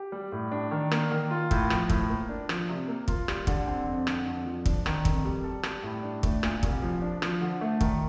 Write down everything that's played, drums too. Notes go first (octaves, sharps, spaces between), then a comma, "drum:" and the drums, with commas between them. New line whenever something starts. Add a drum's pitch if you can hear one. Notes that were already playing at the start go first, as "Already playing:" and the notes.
Already playing: G4
G3
A2
D4
D#3
A#3, drum: rim click
D#3
F4
A2, drum: kick
F3, drum: rim click
A2, drum: kick
A#3
D4
F3, drum: rim click
C3
A#3
F4, drum: kick
G3, drum: rim click
D3, drum: kick
C4
F2
D3, drum: rim click
F2
F3
D4, drum: kick
D#3, drum: rim click
F2, drum: kick
G3
A4
G3, drum: rim click
A2
D4
A3, drum: kick
A#2, drum: rim click
C2, drum: kick
F3
D4
F3, drum: rim click
D3
A3
D#3, drum: kick